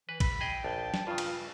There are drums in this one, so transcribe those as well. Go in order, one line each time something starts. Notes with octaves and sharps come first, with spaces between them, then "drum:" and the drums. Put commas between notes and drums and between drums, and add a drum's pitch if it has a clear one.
E3 B4
B5, drum: kick, cymbal
G#4 D#5 G5
A#1 A5
drum: snare
G2 C#3 F4
drum: cymbal